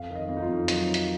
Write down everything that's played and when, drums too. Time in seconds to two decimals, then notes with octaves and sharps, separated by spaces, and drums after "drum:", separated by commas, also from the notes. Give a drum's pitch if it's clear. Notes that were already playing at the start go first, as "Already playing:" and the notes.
Already playing: F2 F5
0.10 D#3
0.16 D#5
0.29 F2
0.37 D#4
0.42 F4
0.48 F2
0.68 F#3 D#4, drum: hi-hat
0.94 drum: hi-hat